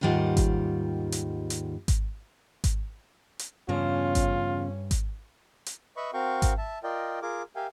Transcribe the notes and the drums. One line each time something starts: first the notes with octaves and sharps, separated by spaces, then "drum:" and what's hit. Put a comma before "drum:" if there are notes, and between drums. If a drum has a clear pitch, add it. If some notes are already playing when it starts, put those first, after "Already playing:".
D#2 G#2 D#3 G3 F4 F#5
drum: kick G#1, hi-hat
drum: hi-hat
drum: hi-hat
drum: kick G#1, hi-hat
drum: kick G#1, hi-hat
drum: hi-hat
E2 G2 C#3 C#4 F4 C5
drum: kick G#1, hi-hat
drum: kick G#1, hi-hat
drum: hi-hat
B4 D#5 E5 B5 C#6
C4 F#4 A#4 F5 G5 C#6
drum: kick G#1, hi-hat
E5 A5
F4 A#4 D5 D#5 G5
F4 G#4 A#4 D6
G4 A#4 E5 F5 G5 G#5